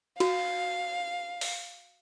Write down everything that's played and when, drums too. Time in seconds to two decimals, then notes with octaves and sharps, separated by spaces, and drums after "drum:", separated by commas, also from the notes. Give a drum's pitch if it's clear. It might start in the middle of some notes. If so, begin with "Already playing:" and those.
0.20 F#4 F5, drum: cymbal
1.41 drum: open hi-hat